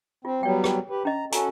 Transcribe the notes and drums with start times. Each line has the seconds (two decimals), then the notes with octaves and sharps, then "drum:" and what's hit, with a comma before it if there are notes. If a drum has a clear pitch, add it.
0.25 C4 F4
0.43 F#3 G3 B3 C#5 G5
0.64 drum: rim click
0.90 G4 B4
1.05 C#4 D#5 A#5
1.32 C#4 F#4 A4 G#5 A#5, drum: hi-hat